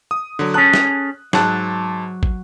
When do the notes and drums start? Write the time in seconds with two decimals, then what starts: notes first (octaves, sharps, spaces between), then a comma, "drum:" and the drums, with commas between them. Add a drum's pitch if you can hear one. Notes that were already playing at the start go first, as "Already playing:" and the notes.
0.11 D#6
0.39 D3 F#3
0.54 C#4 G#4 A4 F#6
0.74 drum: snare
1.33 G#2 F#3 A5, drum: snare
2.23 drum: kick